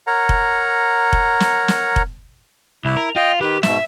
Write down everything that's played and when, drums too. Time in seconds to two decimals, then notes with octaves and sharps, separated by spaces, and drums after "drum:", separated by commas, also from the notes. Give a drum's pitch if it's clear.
0.07 A#4 C#5 F#5 A#5
0.29 drum: kick F1
1.13 drum: kick F1
1.40 drum: snare
1.68 drum: snare
1.96 drum: kick F1
2.85 C2 E4
2.97 A#4
3.16 F4 D#5 F5 G5
3.41 D#3 G4 B4
3.63 G#2 B2 E5, drum: snare